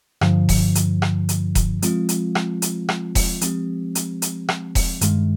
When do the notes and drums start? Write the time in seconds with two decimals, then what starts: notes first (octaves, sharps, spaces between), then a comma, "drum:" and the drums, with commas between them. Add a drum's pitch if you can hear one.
0.21 G2 D3 F3, drum: rim click
0.49 drum: kick E1, open hi-hat
0.75 drum: hi-hat
1.02 drum: rim click
1.29 drum: hi-hat
1.55 drum: kick E1, hi-hat
1.82 F3 G#3 C4 F4, drum: hi-hat
2.09 drum: hi-hat
2.35 drum: rim click
2.62 drum: hi-hat
2.89 drum: rim click
3.15 drum: kick E1, open hi-hat
3.41 F3 G#3 C4 G4, drum: hi-hat
3.95 drum: hi-hat
4.22 drum: hi-hat
4.49 drum: rim click
4.75 drum: kick E1, open hi-hat
5.01 G2 D#3 G#3, drum: hi-hat